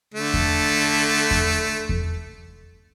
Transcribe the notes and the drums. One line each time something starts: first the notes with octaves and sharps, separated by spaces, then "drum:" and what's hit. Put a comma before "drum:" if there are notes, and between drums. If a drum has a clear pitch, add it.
D3 A3
drum: kick E2
drum: kick E2
drum: kick E2